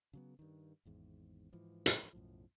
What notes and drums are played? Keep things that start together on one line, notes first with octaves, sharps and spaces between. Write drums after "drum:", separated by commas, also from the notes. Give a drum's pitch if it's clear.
C#3 F#3 B3
G2 D#3
G#1 E2 G#2
G#2 E3 F3
drum: hi-hat
B1 F#2 A2 F3